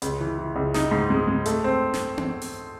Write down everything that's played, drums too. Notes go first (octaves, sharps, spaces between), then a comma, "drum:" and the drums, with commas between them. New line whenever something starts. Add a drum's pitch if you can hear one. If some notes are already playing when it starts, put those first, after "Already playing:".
C#2, drum: hi-hat
E3
E3
C#2
D#4, drum: snare
G#2
G#3
G#3
A3, drum: hi-hat
C4
drum: snare
drum: tom B3
drum: open hi-hat